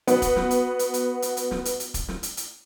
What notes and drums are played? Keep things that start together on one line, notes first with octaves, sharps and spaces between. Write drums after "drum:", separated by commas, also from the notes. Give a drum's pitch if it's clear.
B3 F#4, drum: hi-hat
drum: kick, hi-hat
drum: snare
drum: hi-hat
drum: hi-hat
drum: hi-hat
drum: hi-hat
drum: hi-hat
drum: snare
drum: hi-hat
drum: hi-hat
drum: kick, hi-hat
drum: snare
drum: hi-hat
drum: hi-hat